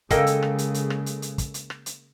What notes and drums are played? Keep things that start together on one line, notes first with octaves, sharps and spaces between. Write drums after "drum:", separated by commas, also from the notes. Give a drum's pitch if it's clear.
C#3 G#3 A#3 A4 D#5 G5, drum: kick, hi-hat
drum: hi-hat
drum: rim click
drum: hi-hat
drum: hi-hat
drum: rim click
drum: hi-hat
drum: hi-hat
drum: kick, hi-hat
drum: hi-hat
drum: rim click
drum: hi-hat